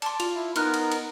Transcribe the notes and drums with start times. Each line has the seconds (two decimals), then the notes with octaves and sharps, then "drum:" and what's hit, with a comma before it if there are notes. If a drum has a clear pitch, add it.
0.02 D5 A5 C6, drum: cymbal
0.20 F4 F7, drum: cymbal
0.35 E4
0.56 B3 D#4 A#4 C6 F6 F#6, drum: cymbal
0.74 drum: cymbal
0.92 drum: cymbal